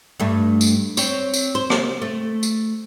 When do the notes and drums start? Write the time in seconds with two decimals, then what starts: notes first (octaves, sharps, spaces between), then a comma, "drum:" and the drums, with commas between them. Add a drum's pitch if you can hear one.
0.20 G2 A3
0.61 drum: tambourine
0.97 C4 C#5, drum: tambourine
1.34 drum: tambourine
1.55 C5
1.70 drum: rim click
2.02 A3
2.43 drum: tambourine